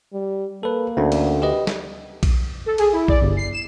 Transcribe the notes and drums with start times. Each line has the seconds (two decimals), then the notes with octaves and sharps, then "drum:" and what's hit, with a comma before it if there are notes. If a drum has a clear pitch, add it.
0.13 G3
0.63 A#3 A4 B4
0.97 D2 C#4 D4
1.12 drum: cymbal
1.42 G4 B4 D#5
1.67 drum: snare
2.23 drum: kick B1, cymbal
2.66 A4
2.78 G#4, drum: cymbal
2.92 E4
3.08 D5, drum: kick B1
3.21 G1
3.37 C7
3.53 E7